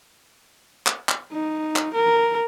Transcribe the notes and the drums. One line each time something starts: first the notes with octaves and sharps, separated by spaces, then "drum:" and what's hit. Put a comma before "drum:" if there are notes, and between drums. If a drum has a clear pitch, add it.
drum: clap
drum: clap
D#4
drum: clap
A#4